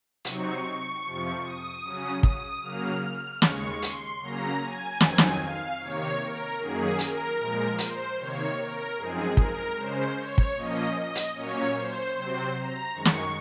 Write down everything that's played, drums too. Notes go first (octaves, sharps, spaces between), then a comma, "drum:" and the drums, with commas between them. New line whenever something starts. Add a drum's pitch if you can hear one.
C3 F#3 C4 D#4 C#6, drum: hi-hat
C#6
F2 C3 F3
D#6
C#3 F#3 C#4
D#6, drum: kick
C#3 F#3 A#3 F6
F6
D#2 C#3 G#3 C#6, drum: snare
C6, drum: hi-hat
C#3 F#3 A#3 C#4 A#5
G#5
F2 D#3 F#3 C4 D#4 G#5, drum: snare
drum: snare
F5
C3 D#3 A#3 C#5
A#4
F#2 D#3 F#3 A#3 C#4 G#4
A#4, drum: hi-hat
A#2 F3 G#3
C5, drum: hi-hat
C3 D#3 A#3 C#5
A#4
F#2 F3 G#3 C4 D#4 G#4
A#4, drum: kick
C#3 G#3 C#4 C5
C#5
drum: kick
A#2 F3 A#3 C#4 D#5
D#5
drum: hi-hat
A#2 F#3 A#3 C#4 C#5
C5
C3 F#3 C4 C5
A#5
F#2 D#3 G#3 C#6
drum: snare